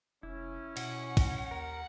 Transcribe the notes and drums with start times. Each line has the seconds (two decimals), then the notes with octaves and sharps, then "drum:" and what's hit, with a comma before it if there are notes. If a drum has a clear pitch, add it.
0.23 F1 C#4 E4
0.77 B2 F#5, drum: cymbal
1.17 drum: kick, cymbal
1.51 D#2 A#4